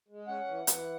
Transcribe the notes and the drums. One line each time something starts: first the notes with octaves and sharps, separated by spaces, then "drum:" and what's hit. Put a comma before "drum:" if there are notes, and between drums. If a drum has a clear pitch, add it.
G#3
C#4 F#5
E3
E3, drum: hi-hat